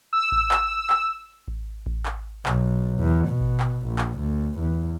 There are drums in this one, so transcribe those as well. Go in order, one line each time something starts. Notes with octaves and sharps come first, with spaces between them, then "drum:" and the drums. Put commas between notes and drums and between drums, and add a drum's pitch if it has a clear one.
E6
drum: kick A1
drum: clap
drum: clap
drum: kick A1
drum: kick A1
drum: clap
B1, drum: clap
E2
B2
drum: kick A1
drum: clap
A#1
drum: clap
D2
E2